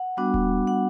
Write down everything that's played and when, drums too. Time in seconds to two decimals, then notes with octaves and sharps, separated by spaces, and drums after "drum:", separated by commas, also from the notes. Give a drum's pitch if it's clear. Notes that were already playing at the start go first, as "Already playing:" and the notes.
Already playing: F#5
0.17 G3 B3 D4 F#4
0.34 drum: kick D#1
0.67 F#5